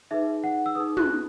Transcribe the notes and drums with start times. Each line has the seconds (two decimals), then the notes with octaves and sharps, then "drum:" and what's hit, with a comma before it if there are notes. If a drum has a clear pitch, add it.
0.11 D#4 G#4 B4 E5
0.44 F#5
0.66 E6
0.75 D#4 G#4 B4 D#6
0.97 F#6, drum: tom